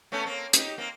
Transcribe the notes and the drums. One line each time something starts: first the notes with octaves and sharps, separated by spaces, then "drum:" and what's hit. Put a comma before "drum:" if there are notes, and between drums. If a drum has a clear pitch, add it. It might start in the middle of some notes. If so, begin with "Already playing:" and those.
A3 B3 C#4
A#3 C4
D#4 G4, drum: hi-hat
A#3 C4